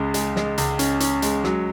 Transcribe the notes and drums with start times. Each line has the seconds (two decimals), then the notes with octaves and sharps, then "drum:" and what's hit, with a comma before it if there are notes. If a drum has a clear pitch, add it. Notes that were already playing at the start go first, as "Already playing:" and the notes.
Already playing: C#2 C#3 G#3 C#4
0.14 G#3, drum: hi-hat
0.36 G#3, drum: snare
0.58 C#2, drum: hi-hat
0.79 C#4, drum: hi-hat
1.00 C#4, drum: hi-hat
1.22 G#3, drum: hi-hat
1.44 F#3, drum: snare